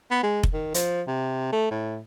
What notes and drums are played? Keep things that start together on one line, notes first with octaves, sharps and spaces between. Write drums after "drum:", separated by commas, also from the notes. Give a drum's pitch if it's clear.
B3
G#3
drum: kick F1
D#3
F3, drum: hi-hat
C3
A3
A2